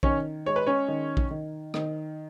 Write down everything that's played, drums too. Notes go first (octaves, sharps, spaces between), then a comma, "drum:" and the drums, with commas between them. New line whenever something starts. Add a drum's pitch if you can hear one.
D#3 C#4 C#5, drum: kick A#1
G#3 C#5
B4
C#4 C#5
D#3
drum: kick A#1
D#3
D#3, drum: rim click